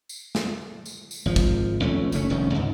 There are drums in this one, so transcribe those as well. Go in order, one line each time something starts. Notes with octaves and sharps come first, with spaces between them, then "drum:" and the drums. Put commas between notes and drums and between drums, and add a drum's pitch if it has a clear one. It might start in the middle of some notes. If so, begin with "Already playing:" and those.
drum: tambourine
drum: snare
drum: tambourine
drum: tambourine
G#1 F3
drum: kick, tambourine
B1 F2 A3 C#4
F#1 A3 C#4, drum: tambourine
F1 C2 D#3 C#4
C#2 G#2